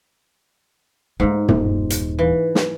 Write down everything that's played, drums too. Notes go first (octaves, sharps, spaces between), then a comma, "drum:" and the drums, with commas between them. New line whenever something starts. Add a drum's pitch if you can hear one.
G#2 G#3 A3
D#1, drum: tom
drum: hi-hat
E3
drum: snare